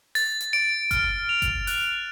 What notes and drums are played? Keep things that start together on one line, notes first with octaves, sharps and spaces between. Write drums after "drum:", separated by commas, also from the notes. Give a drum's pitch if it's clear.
A6, drum: open hi-hat
drum: hi-hat
D7
F6, drum: kick G1, hi-hat
F7
drum: kick G1, hi-hat
F#6, drum: open hi-hat